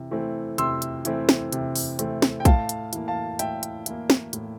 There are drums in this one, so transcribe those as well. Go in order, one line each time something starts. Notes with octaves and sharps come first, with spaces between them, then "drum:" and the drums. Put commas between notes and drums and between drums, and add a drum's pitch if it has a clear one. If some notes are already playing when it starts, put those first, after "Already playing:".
Already playing: C3 E3
E3 A3 C4
C3 C6 E6, drum: hi-hat
drum: hi-hat
E3 A3 C4, drum: hi-hat
drum: snare
C3, drum: hi-hat
drum: open hi-hat
E3 A3 C4, drum: hi-hat
drum: snare
G5
A2 F5 A5, drum: kick, hi-hat
drum: hi-hat
E3 A#3, drum: hi-hat
F5 A5
A2 E5 G5, drum: hi-hat
drum: hi-hat
E3 A#3, drum: hi-hat
drum: snare
A2, drum: hi-hat